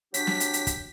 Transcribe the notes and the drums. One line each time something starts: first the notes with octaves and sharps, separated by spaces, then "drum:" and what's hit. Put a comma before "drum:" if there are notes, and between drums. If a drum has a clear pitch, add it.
F#3 D4 G4 B6, drum: hi-hat
drum: snare
drum: hi-hat
drum: hi-hat
drum: kick, hi-hat